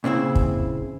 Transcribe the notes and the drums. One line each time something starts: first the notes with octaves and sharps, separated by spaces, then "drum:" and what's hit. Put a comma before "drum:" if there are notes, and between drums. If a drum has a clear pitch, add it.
A#2 C#3 C4 E4
drum: kick